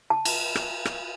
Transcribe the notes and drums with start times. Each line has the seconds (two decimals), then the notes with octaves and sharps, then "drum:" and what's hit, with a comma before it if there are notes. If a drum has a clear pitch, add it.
0.10 A5
0.25 drum: cymbal
0.55 drum: rim click
0.85 drum: rim click